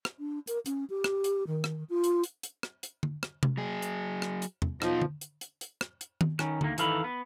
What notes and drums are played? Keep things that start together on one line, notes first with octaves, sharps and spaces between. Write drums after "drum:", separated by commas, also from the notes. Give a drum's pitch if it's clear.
drum: rim click
D4
A#4, drum: hi-hat
C#4, drum: hi-hat
G4
drum: rim click
drum: hi-hat
D#3
drum: rim click
F4
drum: hi-hat
drum: hi-hat
drum: hi-hat
drum: rim click
drum: hi-hat
drum: tom D3
drum: rim click
drum: tom C3
F#3 G#4
drum: hi-hat
drum: rim click
drum: hi-hat
drum: tom E2
B2 F3 D#4, drum: rim click
drum: tom D3
drum: hi-hat
drum: hi-hat
drum: hi-hat
drum: rim click
drum: hi-hat
drum: tom D#3
D#3 C#4, drum: rim click
D2 D#3 A#3, drum: tom D3
D#3 E3 A4 F5 B5, drum: hi-hat
B3